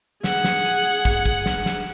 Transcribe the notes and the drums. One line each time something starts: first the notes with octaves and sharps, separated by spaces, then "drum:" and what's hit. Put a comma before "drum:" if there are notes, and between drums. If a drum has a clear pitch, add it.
G#4 F#5, drum: snare
drum: snare
drum: hi-hat
drum: hi-hat
drum: kick, hi-hat
drum: kick
drum: snare
drum: snare